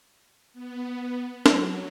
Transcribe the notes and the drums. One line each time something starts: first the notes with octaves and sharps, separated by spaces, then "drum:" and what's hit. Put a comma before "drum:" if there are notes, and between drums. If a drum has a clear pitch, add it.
B3
F#3, drum: snare